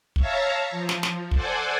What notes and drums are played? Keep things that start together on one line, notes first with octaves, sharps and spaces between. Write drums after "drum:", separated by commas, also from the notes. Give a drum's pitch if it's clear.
C#5 E5 F5 A5 A#5, drum: kick
F3
drum: snare
drum: snare
A4 C5 D5 F#5 G#5, drum: kick